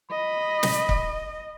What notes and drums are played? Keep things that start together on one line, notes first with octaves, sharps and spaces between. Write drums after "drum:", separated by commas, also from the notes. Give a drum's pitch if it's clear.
D#5 B5
drum: snare
drum: kick C#1